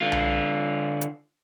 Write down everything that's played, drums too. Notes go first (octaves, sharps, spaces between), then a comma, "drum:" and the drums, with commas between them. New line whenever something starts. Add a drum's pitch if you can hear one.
D3 F4
drum: tom B1
drum: hi-hat